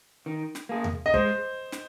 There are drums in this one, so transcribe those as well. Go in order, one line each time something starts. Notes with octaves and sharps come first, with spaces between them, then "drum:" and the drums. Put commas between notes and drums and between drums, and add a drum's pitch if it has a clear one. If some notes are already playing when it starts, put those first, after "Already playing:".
D#3
drum: snare
A#3 G#4
drum: tom E2
D#5
G#3 C5, drum: kick
drum: snare